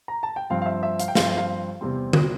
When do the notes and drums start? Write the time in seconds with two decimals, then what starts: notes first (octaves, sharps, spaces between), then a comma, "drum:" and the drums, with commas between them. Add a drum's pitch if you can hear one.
0.08 A#5
0.23 A5
0.36 G5
0.50 G2 F3 C4 F5
0.62 F5
0.66 E5
0.83 E5
1.00 F5, drum: hi-hat
1.08 G5
1.15 G2 F3 C4 F5, drum: snare
1.37 F5
1.81 E2 C3 G3 C4
2.13 drum: tom D3